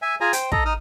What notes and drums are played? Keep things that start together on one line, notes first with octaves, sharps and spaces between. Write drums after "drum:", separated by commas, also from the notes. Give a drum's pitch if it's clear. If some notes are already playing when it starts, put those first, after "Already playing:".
E5 G#5
F4 G#4 G#5 A#5
C5 G5, drum: hi-hat
A4 D#5 A#5, drum: kick
D#4 D#6 F6